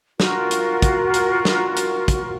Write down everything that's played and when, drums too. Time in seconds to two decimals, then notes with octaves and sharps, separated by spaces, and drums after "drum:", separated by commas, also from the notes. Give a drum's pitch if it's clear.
0.20 F4 F#4 A#4, drum: snare
0.51 drum: hi-hat
0.82 drum: kick, hi-hat
1.14 drum: hi-hat
1.45 drum: snare
1.77 drum: hi-hat
2.08 drum: kick, hi-hat